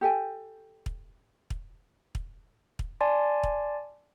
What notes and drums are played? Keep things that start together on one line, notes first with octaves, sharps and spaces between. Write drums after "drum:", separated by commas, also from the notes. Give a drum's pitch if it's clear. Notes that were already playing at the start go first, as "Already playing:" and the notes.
G4 A4 G5 G#5
drum: kick
drum: kick
drum: kick
drum: kick
D5 G#5 A5 C6
drum: kick